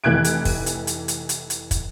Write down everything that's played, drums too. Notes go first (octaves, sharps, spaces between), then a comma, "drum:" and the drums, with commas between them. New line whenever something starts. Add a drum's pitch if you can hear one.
F1 E3 F#6 G#6 D7
drum: hi-hat
drum: kick, open hi-hat
drum: hi-hat
drum: hi-hat
drum: hi-hat
drum: hi-hat
drum: hi-hat
drum: kick, hi-hat